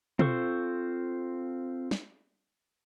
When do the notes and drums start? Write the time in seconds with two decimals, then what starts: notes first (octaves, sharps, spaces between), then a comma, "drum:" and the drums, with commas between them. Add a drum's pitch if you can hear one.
0.19 C4 F4 A4 C5 C#6, drum: tom
1.91 drum: snare